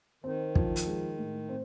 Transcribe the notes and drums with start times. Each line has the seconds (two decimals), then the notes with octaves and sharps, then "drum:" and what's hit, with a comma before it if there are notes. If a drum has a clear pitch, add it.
0.24 D#3 C4
0.55 F3, drum: kick
0.76 drum: hi-hat
0.87 G#3
1.18 A2
1.49 C4